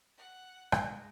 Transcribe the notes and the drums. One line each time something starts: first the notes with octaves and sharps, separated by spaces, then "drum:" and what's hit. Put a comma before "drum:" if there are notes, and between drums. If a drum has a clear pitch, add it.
F#5
G#3, drum: rim click